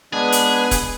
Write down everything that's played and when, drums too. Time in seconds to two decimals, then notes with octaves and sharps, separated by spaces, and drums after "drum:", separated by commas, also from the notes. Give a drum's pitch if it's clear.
0.13 G#3 B3 D4 G#4 B4
0.32 drum: hi-hat
0.71 drum: kick E1, hi-hat